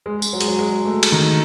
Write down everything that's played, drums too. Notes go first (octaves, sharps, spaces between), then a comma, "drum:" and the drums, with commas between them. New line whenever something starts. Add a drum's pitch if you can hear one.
G#3
drum: tambourine
F#3
G#3, drum: hi-hat
F#3
G#3
A3
drum: cymbal
D#3